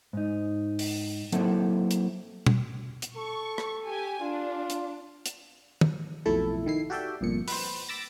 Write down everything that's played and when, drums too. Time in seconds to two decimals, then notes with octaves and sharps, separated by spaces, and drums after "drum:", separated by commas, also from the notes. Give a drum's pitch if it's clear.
0.13 G#2 D#4
0.79 drum: open hi-hat
1.32 F#3 A#3 C4 E4 A4, drum: hi-hat
1.91 drum: hi-hat
2.46 drum: tom
3.02 drum: hi-hat
3.16 A4 C#6
3.58 drum: rim click
3.85 G4 G#5
4.21 D4 F4
4.70 drum: hi-hat
5.26 drum: hi-hat
5.81 drum: tom
6.26 B1 F2 A2 A3 E4 A4
6.66 D#3 E4 C7
6.90 F#4 G4 A4 D5 E5 G5
7.21 G1 F2 A#2 C#7
7.48 B4 C5, drum: open hi-hat
7.89 B5 D6 E6 A6 A#6